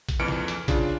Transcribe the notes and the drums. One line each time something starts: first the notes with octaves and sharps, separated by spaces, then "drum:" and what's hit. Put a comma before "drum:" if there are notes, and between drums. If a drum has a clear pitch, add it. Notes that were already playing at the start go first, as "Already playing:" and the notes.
drum: kick, hi-hat
A#1 F2 E3 F6 C#7 D7
drum: snare
drum: hi-hat
C#3 D4 F4, drum: kick, hi-hat